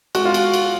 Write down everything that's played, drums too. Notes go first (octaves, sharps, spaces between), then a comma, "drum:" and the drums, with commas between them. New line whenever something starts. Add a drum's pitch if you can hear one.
G#3 F#4, drum: cymbal
F4
drum: cymbal
drum: cymbal